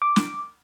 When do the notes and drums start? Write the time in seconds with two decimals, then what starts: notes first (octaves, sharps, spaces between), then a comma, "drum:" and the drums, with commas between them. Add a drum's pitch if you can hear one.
0.02 D6
0.16 drum: snare